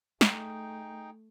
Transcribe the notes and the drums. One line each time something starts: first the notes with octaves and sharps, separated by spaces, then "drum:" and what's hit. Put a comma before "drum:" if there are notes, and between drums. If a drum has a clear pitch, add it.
A3 D#4 G#4 G5, drum: snare